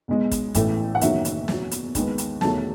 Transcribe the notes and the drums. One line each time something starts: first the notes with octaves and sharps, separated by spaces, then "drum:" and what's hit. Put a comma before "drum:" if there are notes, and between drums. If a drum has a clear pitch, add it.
B1 B2 G#3
drum: kick, hi-hat
A1 A2 E3 A3, drum: kick, hi-hat
F#5
F#1 E2 D#3 F#3 E5, drum: hi-hat
drum: hi-hat
E2 B2 F#3, drum: snare
drum: hi-hat
D#2 D#3 G#3 B3, drum: kick, hi-hat
drum: hi-hat
E1 E2 D#3 F#3 A3 A5, drum: snare